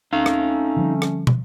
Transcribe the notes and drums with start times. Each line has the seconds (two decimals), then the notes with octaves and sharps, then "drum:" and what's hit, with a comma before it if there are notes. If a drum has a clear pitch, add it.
0.13 A3 C4 C#4 D#4 F5
0.26 drum: rim click
0.77 D3 F3 G3
1.02 drum: rim click
1.27 drum: tom